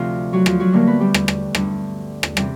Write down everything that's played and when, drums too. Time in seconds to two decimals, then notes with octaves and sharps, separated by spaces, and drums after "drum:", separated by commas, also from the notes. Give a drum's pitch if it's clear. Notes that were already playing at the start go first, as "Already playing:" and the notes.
Already playing: D2 C3 F3 F4
0.33 F#3 F#4
0.46 F3 F4, drum: rim click
0.60 F#3 F#4
0.72 D2 D3 G3 A#3 A#4
0.87 B3 B4
1.01 G3 G4
1.14 drum: rim click
1.28 drum: rim click
1.55 G2 D3 G3, drum: rim click
2.23 drum: rim click
2.37 C3 E3 G3 G4, drum: rim click